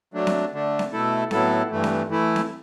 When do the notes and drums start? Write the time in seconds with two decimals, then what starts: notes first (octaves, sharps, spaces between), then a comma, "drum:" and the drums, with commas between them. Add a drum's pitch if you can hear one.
0.14 F#3 A3 D4
0.27 drum: snare C4
0.52 D3 A3 D4
0.79 drum: snare C4
0.92 B2 A3 E4 A4
1.31 A2 F#3 B3 E4 A4, drum: snare C4
1.71 G2 E3 A3
1.84 drum: snare C4
2.09 E3 A3 E4
2.36 drum: snare C4